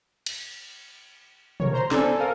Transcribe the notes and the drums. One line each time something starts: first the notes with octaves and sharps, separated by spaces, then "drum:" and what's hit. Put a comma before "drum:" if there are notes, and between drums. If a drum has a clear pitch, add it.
drum: cymbal
A#4 C#5, drum: tom
C5 A#5 C6
A4 D5 G#5, drum: snare
A4 A#4 F5 D#7